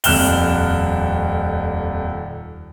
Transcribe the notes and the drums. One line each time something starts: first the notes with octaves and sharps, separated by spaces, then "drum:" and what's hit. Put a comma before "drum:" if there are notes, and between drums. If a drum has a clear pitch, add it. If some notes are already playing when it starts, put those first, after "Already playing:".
D#1 F2 F6 F#6 E7 G7, drum: open hi-hat